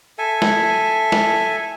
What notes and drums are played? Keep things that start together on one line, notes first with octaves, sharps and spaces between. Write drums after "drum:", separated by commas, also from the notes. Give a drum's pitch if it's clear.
A4 E5 G#5
drum: snare
drum: snare